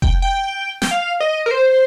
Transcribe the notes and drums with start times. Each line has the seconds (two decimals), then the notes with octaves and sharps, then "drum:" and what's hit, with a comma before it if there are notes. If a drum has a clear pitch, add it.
0.02 G5, drum: kick F1
0.22 G5
0.82 G5, drum: snare
0.91 F5
1.20 D#5
1.46 A#4
1.51 C5